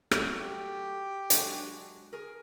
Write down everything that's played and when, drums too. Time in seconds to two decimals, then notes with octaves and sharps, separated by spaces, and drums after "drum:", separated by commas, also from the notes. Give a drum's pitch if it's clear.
0.11 F#3 A3, drum: rim click
0.40 G4
1.30 F#3 G#3 D4, drum: hi-hat
2.13 G#4 A#4